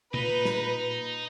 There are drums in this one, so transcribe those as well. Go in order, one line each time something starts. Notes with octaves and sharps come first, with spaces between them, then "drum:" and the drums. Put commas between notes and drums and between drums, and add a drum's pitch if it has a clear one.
A#2 A#3 D#4 B4, drum: tom
drum: snare